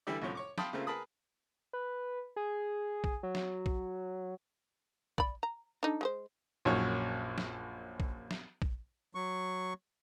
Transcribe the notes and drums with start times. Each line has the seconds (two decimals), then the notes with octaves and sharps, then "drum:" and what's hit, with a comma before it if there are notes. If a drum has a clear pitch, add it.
0.07 D3 E3 G3 E4 G4 D5
0.22 C2 F#2 A2 C3 F3 C#5
0.35 C#5 C#6 D6
0.58 F5 G5 A5 B5 C6 D#6, drum: snare
0.73 C#3 A3 A#3 C4 F4
0.87 G#4 A#4 B4 A5 B5 D#6
1.73 B4
2.36 G#4
3.04 drum: kick A#1
3.23 F#3
3.35 drum: snare
3.66 drum: kick A#1
5.18 D5 B5, drum: kick A#1
5.43 A#5
5.83 D4 D#4 A4
6.01 G#3 G#4 C5
6.65 A#1 F#2 C#5
7.38 drum: snare
8.00 drum: kick A#1
8.31 drum: snare
8.62 drum: kick A#1
9.15 F#3 C#6